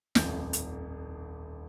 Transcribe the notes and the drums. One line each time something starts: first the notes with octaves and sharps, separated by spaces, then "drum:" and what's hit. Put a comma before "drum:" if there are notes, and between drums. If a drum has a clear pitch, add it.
D#1 A1 F2 G6, drum: snare
drum: hi-hat